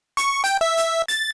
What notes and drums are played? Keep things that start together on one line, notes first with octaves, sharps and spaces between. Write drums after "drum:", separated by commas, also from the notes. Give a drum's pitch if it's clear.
C#6, drum: hi-hat
G5, drum: hi-hat
E5
drum: hi-hat
A6, drum: hi-hat